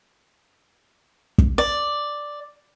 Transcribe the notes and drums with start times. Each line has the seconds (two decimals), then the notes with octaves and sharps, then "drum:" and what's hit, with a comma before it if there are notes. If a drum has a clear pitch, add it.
1.38 drum: kick
1.58 D5